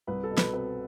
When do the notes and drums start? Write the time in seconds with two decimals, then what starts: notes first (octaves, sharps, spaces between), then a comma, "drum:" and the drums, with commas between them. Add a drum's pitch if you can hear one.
0.07 C2 B4
0.23 A4
0.31 B2
0.38 B4, drum: snare
0.53 C4 B4